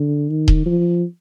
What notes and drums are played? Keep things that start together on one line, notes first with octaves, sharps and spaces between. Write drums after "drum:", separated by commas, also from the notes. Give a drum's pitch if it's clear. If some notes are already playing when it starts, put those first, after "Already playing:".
Already playing: D3
D#3
drum: kick D#1
F3